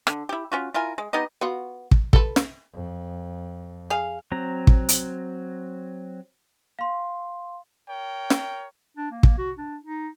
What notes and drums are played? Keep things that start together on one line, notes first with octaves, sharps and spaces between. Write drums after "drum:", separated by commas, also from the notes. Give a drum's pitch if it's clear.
D3, drum: rim click
E4 G4
C#4 F4 F#4
E4 F4 A#4 G#5
G#3
B3 D#4 G4 D#5
B3 F4 F#4
drum: kick
A4 B4, drum: kick
drum: snare
F2
G#4 F5
F#3 C4 A#5
drum: kick
drum: hi-hat
F5 C6
A#4 C#5 G5
drum: snare
D4
A#3
drum: kick
F#4
D4
D#4